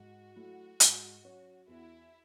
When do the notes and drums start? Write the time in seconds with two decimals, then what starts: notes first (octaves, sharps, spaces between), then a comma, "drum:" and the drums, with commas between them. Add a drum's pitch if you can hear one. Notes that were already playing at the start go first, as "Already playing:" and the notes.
Already playing: G#2 F#4
0.36 F#3 A3 E4
0.80 G#2, drum: hi-hat
1.24 F#3 C#4
1.68 E2 E4